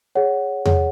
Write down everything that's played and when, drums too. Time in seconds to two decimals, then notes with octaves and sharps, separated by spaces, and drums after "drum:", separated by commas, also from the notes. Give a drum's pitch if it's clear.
0.15 G#4 C#5 F#5
0.66 G#4 C#5 F#5, drum: tom E2